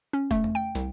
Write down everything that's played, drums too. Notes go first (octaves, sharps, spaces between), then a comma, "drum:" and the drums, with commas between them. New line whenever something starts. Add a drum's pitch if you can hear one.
C#4
A3, drum: kick F1, hi-hat
drum: tom E2
G5
C2, drum: hi-hat